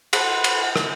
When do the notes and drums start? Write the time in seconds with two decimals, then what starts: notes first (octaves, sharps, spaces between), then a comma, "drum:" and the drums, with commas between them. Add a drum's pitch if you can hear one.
0.13 A4 B4 C5 F#5, drum: cymbal
0.44 drum: cymbal
0.76 drum: rim click